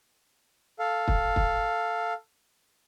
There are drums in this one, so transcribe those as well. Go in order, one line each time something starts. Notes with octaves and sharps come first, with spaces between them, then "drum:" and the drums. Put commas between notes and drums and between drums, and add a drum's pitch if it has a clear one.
A4 F5
drum: kick
drum: kick